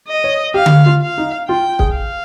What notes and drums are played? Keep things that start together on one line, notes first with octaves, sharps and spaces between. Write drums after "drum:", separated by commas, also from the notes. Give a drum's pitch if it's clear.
D#5
C#5
G4 F5
drum: tom D3
F4
F5
D#4
F4 G5
G#4, drum: kick
F5